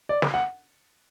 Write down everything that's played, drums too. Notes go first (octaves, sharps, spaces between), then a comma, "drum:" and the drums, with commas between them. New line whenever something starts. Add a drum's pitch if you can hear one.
D5
drum: snare
F#5